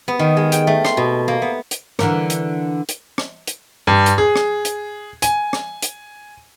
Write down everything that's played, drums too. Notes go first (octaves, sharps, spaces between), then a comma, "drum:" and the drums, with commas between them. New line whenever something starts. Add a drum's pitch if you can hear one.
B3
D#3
G#3
G5, drum: hi-hat
A3
C6, drum: rim click
B2
A#3
B3
drum: hi-hat
D3 E3 A#4, drum: rim click
drum: hi-hat
drum: hi-hat
drum: rim click
drum: hi-hat
G2
drum: hi-hat
G#4
drum: rim click
drum: hi-hat
G#5, drum: hi-hat
drum: rim click
drum: hi-hat